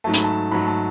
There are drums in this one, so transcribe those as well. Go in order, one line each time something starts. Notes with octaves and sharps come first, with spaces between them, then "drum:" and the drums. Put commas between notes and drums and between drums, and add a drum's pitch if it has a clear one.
G#2 F#3 A3 A5
B5, drum: hi-hat
A5
G#2 F#3 A3 B5
A5